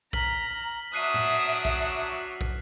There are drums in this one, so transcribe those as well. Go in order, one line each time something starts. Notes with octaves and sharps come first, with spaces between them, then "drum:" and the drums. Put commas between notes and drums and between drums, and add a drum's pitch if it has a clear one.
A#5 F6 B6 F#7, drum: kick
F#3 D4 E5 D#6 F#6 C7 D#7
drum: tom A2
drum: kick
drum: kick